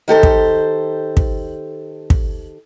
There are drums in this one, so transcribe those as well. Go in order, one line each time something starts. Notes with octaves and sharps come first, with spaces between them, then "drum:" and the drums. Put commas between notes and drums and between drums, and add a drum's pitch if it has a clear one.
D#3 G4 A4 C5
drum: kick
drum: kick
drum: kick